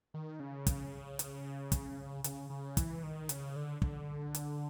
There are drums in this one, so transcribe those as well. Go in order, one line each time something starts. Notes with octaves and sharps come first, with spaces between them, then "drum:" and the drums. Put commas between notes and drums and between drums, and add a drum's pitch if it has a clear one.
D#3
C#3
drum: kick, hi-hat
drum: hi-hat
drum: kick, hi-hat
C#3, drum: hi-hat
C#3
E3, drum: kick, hi-hat
D#3
C#3, drum: hi-hat
D3
D3, drum: kick
drum: hi-hat